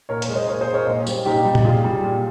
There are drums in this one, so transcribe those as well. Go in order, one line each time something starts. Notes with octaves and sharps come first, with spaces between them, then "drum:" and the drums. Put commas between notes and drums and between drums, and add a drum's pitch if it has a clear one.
A#2 A#4 C#5
A#4 C#5, drum: hi-hat
G#3
C5 D#5
A#2 A#4 C#5
G#4 C5
G#3
A#4 C#5
A#2 C5 D#5
G3, drum: tambourine
A#2 D#4 G4
G3
drum: tom A#2
A#2 F4 G#4
G3
A#2